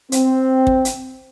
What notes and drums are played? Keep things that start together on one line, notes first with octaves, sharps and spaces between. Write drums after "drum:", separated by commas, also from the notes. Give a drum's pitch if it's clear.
C4, drum: hi-hat
drum: kick
drum: hi-hat